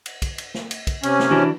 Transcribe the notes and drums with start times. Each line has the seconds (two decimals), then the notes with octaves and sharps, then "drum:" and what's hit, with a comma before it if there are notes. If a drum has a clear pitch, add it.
0.06 drum: cymbal
0.22 drum: kick, cymbal
0.38 drum: cymbal
0.54 drum: snare
0.71 drum: cymbal
0.87 drum: kick, cymbal
1.03 C3 C#4, drum: cymbal
1.20 drum: snare
1.31 E3 D4 F#4